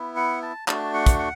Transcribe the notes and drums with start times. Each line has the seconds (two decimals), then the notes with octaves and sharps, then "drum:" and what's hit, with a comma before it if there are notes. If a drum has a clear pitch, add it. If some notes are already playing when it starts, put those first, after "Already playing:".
Already playing: B3 E4
0.16 F#5
0.42 A5
0.68 A3 D4 F#4 A5, drum: clap
0.94 F#5
1.06 drum: kick, hi-hat
1.19 F#5